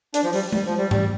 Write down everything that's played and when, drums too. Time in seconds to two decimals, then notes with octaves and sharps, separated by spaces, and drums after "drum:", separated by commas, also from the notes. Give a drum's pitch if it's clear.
0.14 D4, drum: hi-hat
0.24 F3
0.33 G3, drum: open hi-hat
0.53 G3, drum: tom G#3
0.66 F3
0.78 G3
0.91 G3, drum: tom G#2